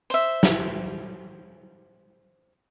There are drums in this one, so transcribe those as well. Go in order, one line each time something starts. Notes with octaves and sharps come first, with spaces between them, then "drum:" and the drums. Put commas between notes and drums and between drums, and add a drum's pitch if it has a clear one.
C5 E5, drum: hi-hat
drum: snare